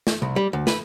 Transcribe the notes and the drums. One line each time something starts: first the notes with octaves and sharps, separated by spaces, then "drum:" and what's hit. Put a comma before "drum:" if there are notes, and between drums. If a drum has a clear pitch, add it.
drum: snare
C2
G3
D2
B4, drum: snare